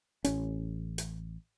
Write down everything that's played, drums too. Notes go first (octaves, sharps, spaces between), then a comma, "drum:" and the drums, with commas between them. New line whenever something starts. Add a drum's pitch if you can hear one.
A1 C#4, drum: hi-hat
drum: hi-hat